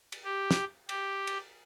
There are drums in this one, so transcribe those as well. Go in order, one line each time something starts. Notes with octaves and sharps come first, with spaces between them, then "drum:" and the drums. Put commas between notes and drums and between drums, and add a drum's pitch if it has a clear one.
drum: cymbal
G4
drum: snare
G4, drum: cymbal
drum: cymbal